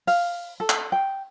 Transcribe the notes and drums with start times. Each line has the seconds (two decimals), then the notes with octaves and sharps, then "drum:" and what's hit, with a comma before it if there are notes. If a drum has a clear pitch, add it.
0.07 F5, drum: open hi-hat
0.60 A4
0.70 drum: clap
0.92 G5